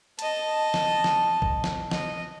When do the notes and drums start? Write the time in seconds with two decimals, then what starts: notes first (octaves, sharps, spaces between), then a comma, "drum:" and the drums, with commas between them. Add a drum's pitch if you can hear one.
0.19 D#5 A5, drum: hi-hat
0.74 drum: snare
1.04 drum: snare
1.42 drum: kick B1
1.64 drum: snare
1.91 D#5, drum: snare